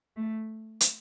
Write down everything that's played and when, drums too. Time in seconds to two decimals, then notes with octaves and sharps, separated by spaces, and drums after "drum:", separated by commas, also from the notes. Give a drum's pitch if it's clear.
0.16 A3
0.81 drum: hi-hat